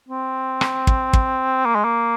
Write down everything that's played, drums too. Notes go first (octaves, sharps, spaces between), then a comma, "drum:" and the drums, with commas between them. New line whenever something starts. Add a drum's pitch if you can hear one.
C4
drum: rim click
drum: kick
drum: kick
A#3
G#3
A#3